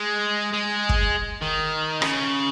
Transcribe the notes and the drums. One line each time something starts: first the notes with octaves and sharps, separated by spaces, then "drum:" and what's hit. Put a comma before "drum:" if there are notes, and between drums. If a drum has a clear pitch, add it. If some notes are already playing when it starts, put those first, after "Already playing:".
Already playing: G#3
G#3
drum: kick
D#3
C#3, drum: rim click